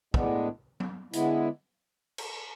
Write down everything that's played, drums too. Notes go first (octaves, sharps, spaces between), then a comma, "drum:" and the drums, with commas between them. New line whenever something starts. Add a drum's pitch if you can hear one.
A2 G#3 B3 D4, drum: kick
drum: tom F#3
D3 G#3 B3 E4, drum: hi-hat
drum: cymbal